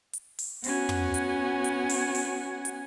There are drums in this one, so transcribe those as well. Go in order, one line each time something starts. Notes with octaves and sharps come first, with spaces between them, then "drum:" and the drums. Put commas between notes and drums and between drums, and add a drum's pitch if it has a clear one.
drum: hi-hat
drum: open hi-hat
B3 C#4 F#4 F#5 G#5, drum: open hi-hat
drum: tom
drum: hi-hat
drum: hi-hat
drum: open hi-hat
drum: open hi-hat
drum: hi-hat